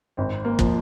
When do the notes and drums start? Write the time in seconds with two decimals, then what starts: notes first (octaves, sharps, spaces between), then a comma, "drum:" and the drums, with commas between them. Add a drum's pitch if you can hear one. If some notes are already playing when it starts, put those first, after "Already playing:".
0.17 G#1 C4
0.45 A#3
0.59 F3, drum: kick